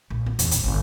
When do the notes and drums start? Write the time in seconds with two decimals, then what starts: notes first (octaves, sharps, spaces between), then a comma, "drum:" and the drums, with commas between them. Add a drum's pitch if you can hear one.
0.10 A#1
0.26 B3
0.39 E2, drum: hi-hat
0.51 A#1, drum: hi-hat
0.64 G1